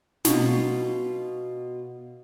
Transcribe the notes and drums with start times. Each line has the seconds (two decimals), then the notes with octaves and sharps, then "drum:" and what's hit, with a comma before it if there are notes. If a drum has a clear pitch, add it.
0.25 B2 F4, drum: snare